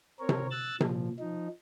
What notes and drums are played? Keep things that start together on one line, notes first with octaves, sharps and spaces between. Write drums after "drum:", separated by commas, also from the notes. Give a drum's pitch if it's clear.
C4 A#4 C#5
drum: tom C3
E6 F#6 A6
A#2 F3, drum: tom C3
F3 D#4